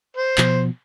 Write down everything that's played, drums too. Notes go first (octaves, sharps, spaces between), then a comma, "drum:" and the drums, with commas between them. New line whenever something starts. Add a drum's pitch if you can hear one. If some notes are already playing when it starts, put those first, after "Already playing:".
C5
B2 F3, drum: clap